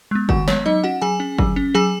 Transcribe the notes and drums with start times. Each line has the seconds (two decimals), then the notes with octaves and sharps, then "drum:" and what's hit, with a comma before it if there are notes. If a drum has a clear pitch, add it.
0.11 G#3 B3
0.29 D#3 F#4 F#5, drum: kick
0.48 G#3 B3 C#5, drum: snare
0.66 F#3 D#4 D#5
0.83 C#4 F#4 F#5
1.02 F#3 G#4 G#5
1.20 C#4
1.39 F#3, drum: kick
1.56 C#4
1.75 F#3 G#4 G#5